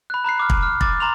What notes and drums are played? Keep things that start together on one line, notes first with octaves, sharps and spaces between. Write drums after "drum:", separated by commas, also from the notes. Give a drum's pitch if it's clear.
B5 F#6
A#5 B5 F#6 C7
D6 F6
drum: kick
F6
D6 A6, drum: kick
A#5 C6 F7